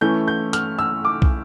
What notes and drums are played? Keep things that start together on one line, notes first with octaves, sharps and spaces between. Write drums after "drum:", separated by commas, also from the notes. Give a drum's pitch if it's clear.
E3 A3 C#4 E4 G6
G6
F6, drum: hi-hat
E6
D6
drum: kick